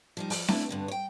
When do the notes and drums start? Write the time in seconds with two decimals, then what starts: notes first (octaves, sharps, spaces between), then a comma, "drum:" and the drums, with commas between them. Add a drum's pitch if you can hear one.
0.17 F3 G3 D#4
0.30 F3, drum: open hi-hat
0.48 A3 B3 D4 E4 F#4, drum: snare C4
0.69 G2 D3 B3
0.88 C#5 G5